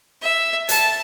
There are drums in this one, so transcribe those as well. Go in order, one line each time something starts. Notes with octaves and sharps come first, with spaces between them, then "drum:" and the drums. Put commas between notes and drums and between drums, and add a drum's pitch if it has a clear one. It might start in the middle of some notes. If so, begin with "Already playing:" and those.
E5
A5, drum: hi-hat